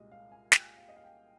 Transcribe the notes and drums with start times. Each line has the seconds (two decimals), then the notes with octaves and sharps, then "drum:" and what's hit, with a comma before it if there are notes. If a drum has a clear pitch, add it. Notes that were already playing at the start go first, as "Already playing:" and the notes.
Already playing: C2 A#2 G#3 D#5
0.12 F5
0.32 G#5
0.52 G5, drum: snare
0.77 F5
0.89 D#5
0.96 F5
1.04 G5